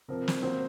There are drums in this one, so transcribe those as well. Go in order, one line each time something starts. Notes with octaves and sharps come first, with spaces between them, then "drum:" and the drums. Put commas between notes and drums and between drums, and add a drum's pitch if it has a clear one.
C3 F3 C4 A#4
drum: snare
C3 F#3 A#3 C5